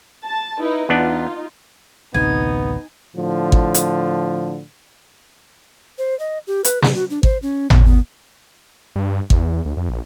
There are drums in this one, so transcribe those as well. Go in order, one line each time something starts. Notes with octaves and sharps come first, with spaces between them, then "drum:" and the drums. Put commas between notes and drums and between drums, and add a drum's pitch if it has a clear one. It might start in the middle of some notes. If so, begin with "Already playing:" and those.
A5
D#4 E4 B4
E2 B3 D4 D#4 F4
A1 D2 C3 B3 D#4 G#5
A2 D3 F3
drum: kick
drum: hi-hat
C5
D#5
G4
B4, drum: hi-hat
G#4, drum: snare
F#4
D4
C5, drum: kick
C#4
B3, drum: tom G#1
B3
G2
E2, drum: kick
D2
F2
A#1